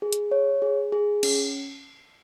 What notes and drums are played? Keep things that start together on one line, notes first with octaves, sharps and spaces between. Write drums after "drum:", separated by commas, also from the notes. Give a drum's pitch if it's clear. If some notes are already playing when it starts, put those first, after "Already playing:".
G#4
drum: hi-hat
C#5
G#4
G#4
C#4, drum: cymbal